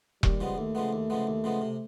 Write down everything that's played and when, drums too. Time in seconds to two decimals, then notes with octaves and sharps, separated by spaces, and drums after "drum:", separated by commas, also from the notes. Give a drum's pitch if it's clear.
0.23 D#2 G3, drum: kick E1
0.40 C#3 F3 G#3 B3
0.58 D#2 A3
0.75 C#3 F3 G#3 B3
0.93 D#2
1.10 C#3 F3 G#3 B3
1.27 D#2
1.44 C#3 F3 G#3 B3
1.61 C3